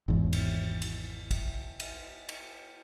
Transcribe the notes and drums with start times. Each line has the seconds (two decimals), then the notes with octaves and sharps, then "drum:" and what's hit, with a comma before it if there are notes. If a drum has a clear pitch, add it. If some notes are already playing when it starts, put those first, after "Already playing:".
0.08 G#1 E2
0.33 drum: cymbal
0.82 drum: cymbal
1.31 drum: kick A1, cymbal
1.80 drum: cymbal
2.29 drum: cymbal